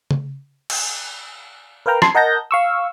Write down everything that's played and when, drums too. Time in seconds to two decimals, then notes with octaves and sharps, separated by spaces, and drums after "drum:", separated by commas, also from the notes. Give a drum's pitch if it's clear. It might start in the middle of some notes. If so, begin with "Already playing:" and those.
0.11 drum: tom C#3
0.70 drum: cymbal
1.86 A#4 B4 F5 G5 A#5
2.02 A5 C6 G#6 C7, drum: rim click
2.15 A#4 D#5 F#5 A5 G6 A#6
2.51 F5 C#6 E6